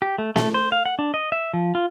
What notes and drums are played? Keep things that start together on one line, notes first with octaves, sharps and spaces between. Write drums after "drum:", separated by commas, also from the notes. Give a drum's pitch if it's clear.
G4
A3
A3, drum: snare
C5
F5
F#5
D4
D#5
E5
F3
F4